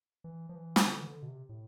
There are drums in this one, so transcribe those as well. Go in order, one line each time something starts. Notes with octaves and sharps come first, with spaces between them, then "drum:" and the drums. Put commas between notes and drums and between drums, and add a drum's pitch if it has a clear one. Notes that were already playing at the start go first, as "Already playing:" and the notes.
E3
F3
E3
drum: snare
D3
E3
D3
B2
C3
A2